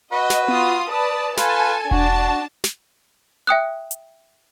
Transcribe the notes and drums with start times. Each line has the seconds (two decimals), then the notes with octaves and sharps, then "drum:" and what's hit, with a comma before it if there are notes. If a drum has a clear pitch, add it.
0.12 F#4 B4 D#5
0.30 drum: snare
0.48 F4 D#6, drum: tom B3
0.91 B4 D5 A5 D#6
1.37 F4 A4 B4 G#5 A5, drum: snare
1.91 D4 F#4 A5, drum: kick E1
2.64 drum: snare
3.47 E5 G5 D#6 F#6
3.91 drum: hi-hat